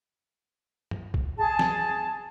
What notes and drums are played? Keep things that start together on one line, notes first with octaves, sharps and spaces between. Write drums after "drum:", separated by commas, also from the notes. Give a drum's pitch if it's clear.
drum: tom G2
drum: kick A#1
G#4 A5
drum: snare